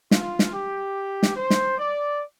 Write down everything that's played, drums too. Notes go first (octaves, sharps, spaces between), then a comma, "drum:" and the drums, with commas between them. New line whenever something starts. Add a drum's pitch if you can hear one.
F4, drum: snare
drum: snare
G4
drum: snare
C5
drum: snare
D5